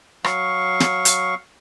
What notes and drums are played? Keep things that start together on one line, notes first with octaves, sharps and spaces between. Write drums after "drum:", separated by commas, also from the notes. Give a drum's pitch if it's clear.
F#3 F5 C#6, drum: rim click
drum: snare
drum: hi-hat